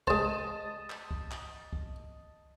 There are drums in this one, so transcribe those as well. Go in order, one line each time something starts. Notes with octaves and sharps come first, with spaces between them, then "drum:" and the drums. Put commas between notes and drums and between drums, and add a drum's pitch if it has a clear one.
G#3 C5 D#5 A5, drum: kick
drum: clap
drum: kick
drum: clap
drum: kick